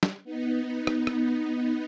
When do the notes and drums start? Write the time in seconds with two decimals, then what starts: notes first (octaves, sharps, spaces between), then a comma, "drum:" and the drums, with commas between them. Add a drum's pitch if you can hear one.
0.03 drum: snare
0.24 B3 D#4
0.87 drum: rim click
1.07 drum: rim click